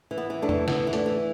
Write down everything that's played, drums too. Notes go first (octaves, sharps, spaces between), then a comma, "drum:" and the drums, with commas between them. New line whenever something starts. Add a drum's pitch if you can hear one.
E3
B3
E3
A3 D4
E3, drum: tom E2
E3 B3 E4, drum: snare
E3
A3 D4, drum: hi-hat
E3